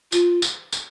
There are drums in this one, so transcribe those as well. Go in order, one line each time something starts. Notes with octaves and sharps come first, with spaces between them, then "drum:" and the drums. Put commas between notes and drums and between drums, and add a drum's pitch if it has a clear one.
F4, drum: tambourine
drum: tambourine
drum: tambourine